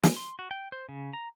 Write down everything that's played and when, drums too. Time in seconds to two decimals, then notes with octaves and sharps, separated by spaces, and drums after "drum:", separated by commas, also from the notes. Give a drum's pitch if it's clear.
0.03 G#3, drum: snare
0.16 C6
0.39 F#4
0.51 G5
0.72 C5
0.89 C#3
1.13 A#5